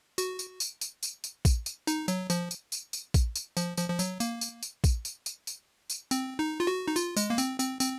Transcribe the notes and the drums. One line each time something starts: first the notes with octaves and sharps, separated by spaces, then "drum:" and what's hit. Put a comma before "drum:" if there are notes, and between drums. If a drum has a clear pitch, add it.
F#4, drum: tambourine
drum: tambourine
drum: tambourine
drum: tambourine
drum: tambourine
drum: tambourine
drum: kick, tambourine
drum: tambourine
D#4, drum: tambourine
F#3, drum: tambourine
F3, drum: tambourine
drum: tambourine
drum: tambourine
drum: tambourine
drum: kick, tambourine
drum: tambourine
F3, drum: tambourine
F3, drum: tambourine
F3
F#3, drum: tambourine
A#3, drum: tambourine
drum: tambourine
drum: tambourine
drum: kick, tambourine
drum: tambourine
drum: tambourine
drum: tambourine
drum: tambourine
C4, drum: tambourine
D#4
F4
F#4
D#4
F4, drum: tambourine
G#3, drum: tambourine
A#3
C4, drum: tambourine
C4, drum: tambourine
C4, drum: tambourine